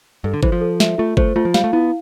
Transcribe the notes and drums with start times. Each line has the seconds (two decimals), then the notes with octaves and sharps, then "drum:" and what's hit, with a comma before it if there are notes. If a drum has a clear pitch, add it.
0.24 G2 A4
0.34 D3
0.43 E3 C5, drum: kick G1
0.52 F3
0.61 A4
0.80 E5, drum: snare
0.98 A3 F4
1.17 A3 C5, drum: kick G1
1.36 A3 F4
1.45 F3
1.54 G3 F5, drum: snare
1.64 A3
1.73 B3 E4